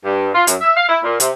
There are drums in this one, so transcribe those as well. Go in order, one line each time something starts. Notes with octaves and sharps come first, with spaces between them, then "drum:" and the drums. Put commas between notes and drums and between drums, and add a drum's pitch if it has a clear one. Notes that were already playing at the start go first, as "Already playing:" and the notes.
G2
F4
F#2, drum: hi-hat
E5
F5
E4
A#2
C3, drum: hi-hat